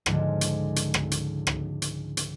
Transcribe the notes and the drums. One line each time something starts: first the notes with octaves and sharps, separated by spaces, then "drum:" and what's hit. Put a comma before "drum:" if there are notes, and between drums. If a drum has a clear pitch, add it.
C#2 G#2 D3 F3, drum: rim click
drum: hi-hat
drum: hi-hat
drum: rim click
drum: hi-hat
drum: rim click
drum: hi-hat
drum: hi-hat